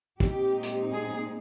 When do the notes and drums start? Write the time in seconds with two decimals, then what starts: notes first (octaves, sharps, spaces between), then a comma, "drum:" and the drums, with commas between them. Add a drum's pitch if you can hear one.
0.20 A#2 G#3 C4 D#4 G4, drum: kick
0.63 drum: hi-hat
0.89 G#4